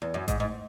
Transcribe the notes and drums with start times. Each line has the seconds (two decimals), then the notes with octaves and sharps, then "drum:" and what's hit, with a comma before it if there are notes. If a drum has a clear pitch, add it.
0.02 E2
0.14 F#2
0.28 G#2, drum: kick A1, hi-hat
0.40 G#2